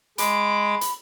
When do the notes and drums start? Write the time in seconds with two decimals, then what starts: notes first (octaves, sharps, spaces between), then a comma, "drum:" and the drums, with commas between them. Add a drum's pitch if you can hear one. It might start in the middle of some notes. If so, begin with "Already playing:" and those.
0.18 G#3 B5 D6, drum: hi-hat
0.81 drum: hi-hat